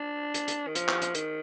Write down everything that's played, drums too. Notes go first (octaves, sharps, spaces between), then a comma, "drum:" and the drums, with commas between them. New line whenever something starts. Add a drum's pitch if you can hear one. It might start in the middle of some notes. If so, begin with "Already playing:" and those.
Already playing: D4
drum: hi-hat
drum: hi-hat
D#3
F3, drum: hi-hat
drum: clap
drum: hi-hat
D#3, drum: hi-hat